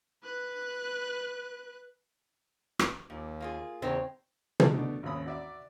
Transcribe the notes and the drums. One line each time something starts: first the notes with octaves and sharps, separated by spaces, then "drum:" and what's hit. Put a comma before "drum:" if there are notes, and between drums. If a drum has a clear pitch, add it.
B4 F#6
drum: rim click
D#2 A#2
A#3 F4 G#4
E2 C#3 C4 D#4 C#5
drum: tom
B2 A3 D4 D#4
G#1 D#2 C#4 B5 D#6
F#4 D5 E5